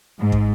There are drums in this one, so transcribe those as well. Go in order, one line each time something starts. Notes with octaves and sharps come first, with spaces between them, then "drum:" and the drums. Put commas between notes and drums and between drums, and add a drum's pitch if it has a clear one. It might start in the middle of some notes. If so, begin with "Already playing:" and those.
G#2
drum: kick